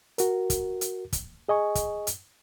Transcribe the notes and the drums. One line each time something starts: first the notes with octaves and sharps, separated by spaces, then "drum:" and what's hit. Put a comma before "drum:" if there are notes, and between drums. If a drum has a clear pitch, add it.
F#4 A#4, drum: hi-hat
drum: kick, hi-hat
drum: hi-hat
drum: kick, hi-hat
G#4 D#5 G#5 C#6
drum: kick, hi-hat
drum: hi-hat